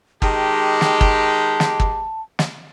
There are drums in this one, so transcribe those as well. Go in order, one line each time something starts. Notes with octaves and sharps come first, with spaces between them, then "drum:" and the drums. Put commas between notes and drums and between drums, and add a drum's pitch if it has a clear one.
D#3 G#3 G4 A5, drum: kick
drum: snare
drum: kick
drum: snare
drum: kick
drum: snare